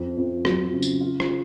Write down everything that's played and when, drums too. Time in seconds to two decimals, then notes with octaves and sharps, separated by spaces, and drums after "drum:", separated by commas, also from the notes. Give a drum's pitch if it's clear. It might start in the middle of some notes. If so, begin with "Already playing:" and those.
Already playing: F2
0.17 F2
0.45 F#3, drum: rim click
0.73 C#3
0.82 drum: tambourine
1.01 F4
1.20 drum: rim click